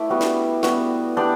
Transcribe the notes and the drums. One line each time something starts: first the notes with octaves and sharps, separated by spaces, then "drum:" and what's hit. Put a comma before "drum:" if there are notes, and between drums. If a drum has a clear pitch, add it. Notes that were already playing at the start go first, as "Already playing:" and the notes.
Already playing: A3 E4 B4 D5
G3 B3 F#4
drum: snare
G3 B3 F#4, drum: snare
B3 D4 G4 D5